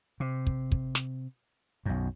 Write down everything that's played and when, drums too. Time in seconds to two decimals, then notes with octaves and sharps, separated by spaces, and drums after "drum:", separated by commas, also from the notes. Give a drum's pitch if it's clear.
0.20 C3
0.47 drum: kick
0.72 drum: kick
0.95 drum: snare
1.85 B1 F#2